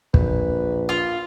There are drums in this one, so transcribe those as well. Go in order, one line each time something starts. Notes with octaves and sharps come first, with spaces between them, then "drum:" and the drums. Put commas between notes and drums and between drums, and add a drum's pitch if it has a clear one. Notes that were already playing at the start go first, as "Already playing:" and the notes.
A#1 B4, drum: kick
F4